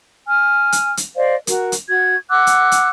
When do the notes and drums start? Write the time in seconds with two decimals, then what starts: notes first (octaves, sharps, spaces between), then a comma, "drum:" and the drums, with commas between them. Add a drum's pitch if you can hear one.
0.27 G#5 F6
0.72 drum: hi-hat
0.97 drum: hi-hat
1.15 C5 D5 D#5 F5
1.47 F#4 A#4, drum: hi-hat
1.72 drum: hi-hat
1.88 F#4 G#6
2.30 F#5 D6 E6 F#6
2.47 drum: hi-hat
2.72 drum: hi-hat